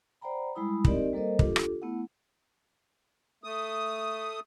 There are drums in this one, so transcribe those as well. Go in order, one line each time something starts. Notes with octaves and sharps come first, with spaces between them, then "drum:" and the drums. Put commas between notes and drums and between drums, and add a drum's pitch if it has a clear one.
C5 D5 F#5 G5 A#5 B5
G3 G#3 E4 B5 D#6
C4 D#4 G4 A#4 D5 D#5, drum: kick
G3 A#3 A4 A#4 C5 D#5
D4 F4 G4 A4, drum: kick
drum: rim click
A3 B3 E4 F#5
A3 D#6